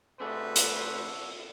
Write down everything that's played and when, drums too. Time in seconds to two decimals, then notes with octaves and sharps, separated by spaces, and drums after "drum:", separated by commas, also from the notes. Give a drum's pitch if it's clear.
0.20 C3 A3 D4 F#4 G#4 B4 C5 E5
0.56 drum: hi-hat